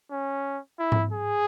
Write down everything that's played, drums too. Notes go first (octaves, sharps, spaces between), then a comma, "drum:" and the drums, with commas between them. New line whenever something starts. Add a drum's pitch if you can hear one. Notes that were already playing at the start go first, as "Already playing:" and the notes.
C#4
E4
drum: tom G#2
G#4